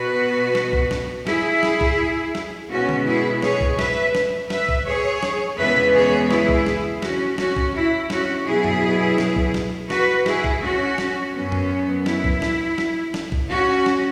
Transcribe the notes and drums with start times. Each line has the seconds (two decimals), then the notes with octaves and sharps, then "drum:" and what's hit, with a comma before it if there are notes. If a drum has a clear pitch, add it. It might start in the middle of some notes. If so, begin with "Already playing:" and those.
Already playing: B2 B3 F#4 B4
0.55 drum: snare
0.73 drum: kick
0.91 drum: snare
1.27 E4 G#4, drum: snare
1.63 drum: snare
1.81 drum: kick
2.35 drum: snare
2.70 B2 G#3 B3 C#4 F#4
2.89 drum: tom D3
3.07 E4 G#4
3.42 G#4 C#5, drum: snare
3.61 drum: kick
3.79 B4 E5, drum: snare
4.15 drum: snare
4.50 B4 E5, drum: snare
4.69 drum: kick
4.87 G#4 C#5
5.23 drum: snare
5.58 E2 C#3 E3 G#3 B3 B4 E5
5.77 drum: tom B2
5.94 G#4 C#5
6.30 E4 G#4, drum: snare
6.49 drum: kick
6.67 drum: snare
7.02 C#4 F#4, drum: snare
7.38 C#4 F#4, drum: snare
7.56 drum: kick
7.75 E4
8.10 C#4 F#4, drum: snare
8.46 B2 F#3 B3 E4 G#4
8.64 drum: tom F#2
9.18 drum: snare
9.36 drum: kick
9.54 drum: snare
9.90 F#4 B4, drum: snare
10.26 E4 G#4, drum: snare
10.44 drum: kick
10.62 C#4 F#4
10.98 drum: snare
11.34 F#2 F#3 B3 C#4
11.52 drum: tom F#2
12.06 E4, drum: snare
12.24 drum: kick
12.42 drum: snare
12.78 drum: snare
13.14 drum: snare
13.32 drum: kick
13.50 C#4 F#4
13.86 drum: snare